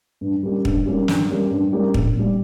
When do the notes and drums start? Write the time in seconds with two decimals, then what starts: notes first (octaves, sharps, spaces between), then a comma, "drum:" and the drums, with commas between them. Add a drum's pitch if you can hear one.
0.21 G2
0.43 G3 A#3 C#4 G4
0.65 G2, drum: kick
0.86 G3 A#3 C#4 G4
1.08 G2, drum: snare
1.30 G3 A#3 C#4 G4
1.51 G2
1.72 G3 A#3 C#4 G4
1.94 A#1, drum: kick
2.16 A#2 G3